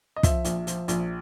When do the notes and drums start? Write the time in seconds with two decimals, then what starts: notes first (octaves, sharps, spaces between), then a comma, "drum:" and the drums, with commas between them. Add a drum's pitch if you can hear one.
0.16 D#5
0.23 F3 E5, drum: kick, hi-hat
0.45 A#1, drum: hi-hat
0.67 F3, drum: hi-hat
0.88 A#1, drum: hi-hat